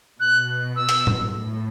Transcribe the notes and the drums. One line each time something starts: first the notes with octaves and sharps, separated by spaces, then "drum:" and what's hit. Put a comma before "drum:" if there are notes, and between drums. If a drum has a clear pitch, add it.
B2 F#6
E6
drum: hi-hat
drum: tom
A2